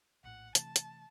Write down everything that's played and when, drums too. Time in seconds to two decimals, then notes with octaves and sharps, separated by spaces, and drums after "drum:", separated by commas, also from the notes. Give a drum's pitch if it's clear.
0.24 A#1 A2 F#5
0.55 C3 E3 A3 A5, drum: hi-hat
0.76 drum: hi-hat